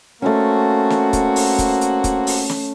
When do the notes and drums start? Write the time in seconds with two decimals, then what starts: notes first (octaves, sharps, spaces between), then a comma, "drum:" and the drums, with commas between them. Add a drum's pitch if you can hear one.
0.22 A3 A#3 C4 C#4 F#4
0.90 drum: snare
1.13 drum: kick, hi-hat
1.36 drum: open hi-hat
1.59 drum: kick, hi-hat
1.81 drum: hi-hat
2.04 drum: kick, hi-hat
2.27 drum: open hi-hat
2.49 drum: snare